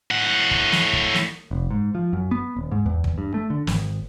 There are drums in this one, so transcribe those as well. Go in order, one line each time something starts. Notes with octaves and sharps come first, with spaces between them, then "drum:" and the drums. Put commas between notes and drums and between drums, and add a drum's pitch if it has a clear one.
A2 F#5
drum: kick
drum: snare
drum: kick
drum: snare
F1
G#2
F3
F#2
B3
D#1
G#2
E2
drum: kick
G2
A3
D3
G#1, drum: snare